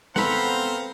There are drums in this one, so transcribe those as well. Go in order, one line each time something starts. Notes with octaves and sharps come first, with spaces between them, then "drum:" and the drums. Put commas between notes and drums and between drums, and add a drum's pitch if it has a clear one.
B3 C4 A4 C5 F5 F#5 A#5 B5, drum: snare